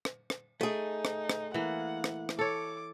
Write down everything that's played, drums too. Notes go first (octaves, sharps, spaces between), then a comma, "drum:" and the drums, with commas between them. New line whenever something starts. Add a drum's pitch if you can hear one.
drum: rim click
drum: rim click
A3 D#4 G#4
drum: rim click
drum: rim click
E3 A#3 F#5
drum: rim click
drum: rim click
A4 C#5 D6